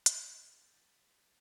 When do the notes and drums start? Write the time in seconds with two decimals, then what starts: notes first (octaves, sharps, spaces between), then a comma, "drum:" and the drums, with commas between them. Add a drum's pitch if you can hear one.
0.06 G6 A6 B6 F#7, drum: hi-hat